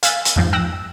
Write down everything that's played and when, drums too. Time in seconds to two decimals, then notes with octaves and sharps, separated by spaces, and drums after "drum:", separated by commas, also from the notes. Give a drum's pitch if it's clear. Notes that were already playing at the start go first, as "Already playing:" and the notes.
0.03 F5 G#5 E6 F#6 A6 B6, drum: hi-hat
0.25 drum: hi-hat
0.36 F2 G#2 F3
0.53 G5 E6 F#6 A#6